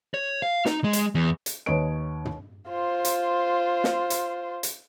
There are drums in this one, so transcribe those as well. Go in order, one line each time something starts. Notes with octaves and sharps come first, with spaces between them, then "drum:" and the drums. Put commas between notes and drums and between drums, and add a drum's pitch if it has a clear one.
C#5
F5
D#4, drum: snare
G#3
drum: hi-hat
E2
drum: hi-hat
D#2 B4 C#5 D#5 D7
drum: tom
F4 C5
drum: hi-hat
drum: snare
drum: hi-hat
drum: hi-hat